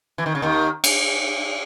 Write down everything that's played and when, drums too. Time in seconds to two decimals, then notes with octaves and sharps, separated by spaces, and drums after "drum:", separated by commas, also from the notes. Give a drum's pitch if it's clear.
0.18 E3
0.26 D#3
0.35 C#3
0.42 D#2 D#3
0.84 drum: cymbal